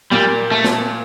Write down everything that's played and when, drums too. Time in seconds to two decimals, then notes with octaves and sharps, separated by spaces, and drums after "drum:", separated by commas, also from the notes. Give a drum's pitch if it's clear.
0.12 A#2 G3 A#3
0.51 A3
0.64 drum: snare